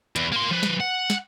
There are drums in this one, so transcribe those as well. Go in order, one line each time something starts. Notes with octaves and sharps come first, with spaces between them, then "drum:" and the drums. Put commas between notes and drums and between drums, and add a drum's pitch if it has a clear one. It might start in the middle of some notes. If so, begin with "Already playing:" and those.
E2, drum: hi-hat
A#3 C6
F3 B4
drum: snare
F#5
drum: snare